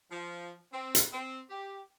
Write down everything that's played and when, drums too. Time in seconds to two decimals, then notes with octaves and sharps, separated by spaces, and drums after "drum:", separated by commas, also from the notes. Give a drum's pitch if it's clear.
0.11 F3
0.73 C4
0.95 drum: hi-hat
1.13 C4
1.50 G4